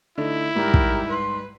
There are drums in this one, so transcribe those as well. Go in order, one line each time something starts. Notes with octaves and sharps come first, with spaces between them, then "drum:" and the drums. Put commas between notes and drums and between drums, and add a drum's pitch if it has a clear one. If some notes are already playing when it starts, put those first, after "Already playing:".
D3 A3 D#4 E4
G#2 G3 G4 A#4
drum: kick
B4 C6